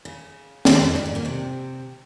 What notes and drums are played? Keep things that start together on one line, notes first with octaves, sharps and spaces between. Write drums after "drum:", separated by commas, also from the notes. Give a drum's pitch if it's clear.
C#3
D#2 D#3, drum: snare
F2 F3
G2 G3
G#2 G#3
A#2 A#3
C3 C4